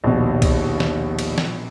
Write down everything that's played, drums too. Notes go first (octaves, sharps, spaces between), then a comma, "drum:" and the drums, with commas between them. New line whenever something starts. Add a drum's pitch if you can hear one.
A#1 D#2 B2
drum: kick, cymbal
drum: snare
drum: cymbal
drum: snare